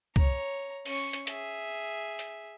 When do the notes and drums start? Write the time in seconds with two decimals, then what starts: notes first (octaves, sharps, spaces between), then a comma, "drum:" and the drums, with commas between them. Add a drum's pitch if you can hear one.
0.16 C#5 A#5, drum: kick
0.85 C#4 C#6, drum: open hi-hat
1.13 drum: hi-hat
1.27 G#4 E5, drum: hi-hat
2.19 drum: hi-hat